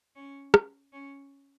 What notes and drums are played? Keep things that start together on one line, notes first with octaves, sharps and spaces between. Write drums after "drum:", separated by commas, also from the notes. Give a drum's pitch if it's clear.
C#4
drum: rim click
C#4